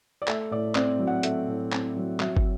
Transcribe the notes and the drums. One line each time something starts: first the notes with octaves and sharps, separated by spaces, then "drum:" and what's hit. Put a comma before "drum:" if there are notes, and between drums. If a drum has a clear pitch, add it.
D5
A3 E5, drum: clap
A2 D5
C4 D5, drum: clap
F#3
F#5
A3 E5, drum: hi-hat
A2
C4, drum: clap
F#3
F#3 E5, drum: clap
drum: kick